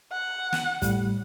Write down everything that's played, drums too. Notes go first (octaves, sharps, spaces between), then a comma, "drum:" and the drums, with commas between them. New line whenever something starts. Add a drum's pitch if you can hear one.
F#5
drum: snare
A2 G3, drum: kick, hi-hat